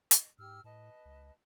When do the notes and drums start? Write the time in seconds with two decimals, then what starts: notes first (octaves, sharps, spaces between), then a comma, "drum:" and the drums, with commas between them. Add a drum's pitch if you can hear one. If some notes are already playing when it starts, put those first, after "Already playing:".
0.11 D#5, drum: hi-hat
0.38 G#2 G4 E6 F6
0.64 A2 B4 D#5 A5
1.05 C#2